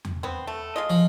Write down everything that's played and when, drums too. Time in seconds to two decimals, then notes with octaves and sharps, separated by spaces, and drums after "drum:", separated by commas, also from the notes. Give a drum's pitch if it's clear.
0.05 drum: tom E2
0.23 B3 C4
0.47 A3
0.76 G#3 F4 D#5
0.90 F3